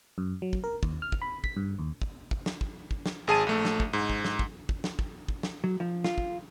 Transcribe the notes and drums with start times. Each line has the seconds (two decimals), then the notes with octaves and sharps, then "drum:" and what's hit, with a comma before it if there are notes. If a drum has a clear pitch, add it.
0.18 F#2
0.42 F#3
0.53 drum: kick
0.64 A#4
0.83 D#2, drum: kick
1.02 F6
1.12 drum: kick
1.22 B5
1.44 B6, drum: kick
1.56 G2
1.79 D#2
2.02 drum: kick
2.31 drum: kick
2.46 drum: snare
2.61 drum: kick
2.91 drum: kick
3.06 drum: snare
3.27 G#1 G#4 A5 D#7
3.47 A#1 A3
3.65 drum: snare
3.80 drum: kick
3.93 G#2
4.10 drum: kick
4.24 drum: snare
4.39 drum: kick
4.69 drum: kick
4.84 drum: snare
4.99 drum: kick
5.28 drum: kick
5.43 drum: snare
5.64 F#3
5.80 F3
6.04 F4, drum: snare
6.18 drum: kick